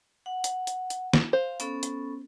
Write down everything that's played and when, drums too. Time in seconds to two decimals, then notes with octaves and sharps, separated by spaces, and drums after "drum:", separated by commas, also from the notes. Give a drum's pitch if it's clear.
0.26 F#5
0.44 drum: hi-hat
0.67 drum: hi-hat
0.90 drum: hi-hat
1.13 drum: snare
1.33 C5 F5
1.60 B3 C#4 A4, drum: hi-hat
1.83 drum: hi-hat